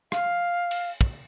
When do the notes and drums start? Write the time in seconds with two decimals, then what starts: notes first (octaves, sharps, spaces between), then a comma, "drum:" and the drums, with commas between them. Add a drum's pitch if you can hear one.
0.12 F5, drum: rim click
0.71 drum: cymbal
1.01 drum: kick